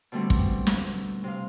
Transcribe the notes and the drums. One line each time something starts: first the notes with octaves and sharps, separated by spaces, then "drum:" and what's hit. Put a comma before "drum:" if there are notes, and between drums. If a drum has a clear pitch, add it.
B2 D3 G3 A3 C4
drum: kick
drum: snare
C3 F5